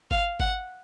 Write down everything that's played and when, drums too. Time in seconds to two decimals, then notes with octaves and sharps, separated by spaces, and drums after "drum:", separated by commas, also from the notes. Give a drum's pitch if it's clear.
0.11 F5, drum: kick G#1
0.40 F#5, drum: kick G#1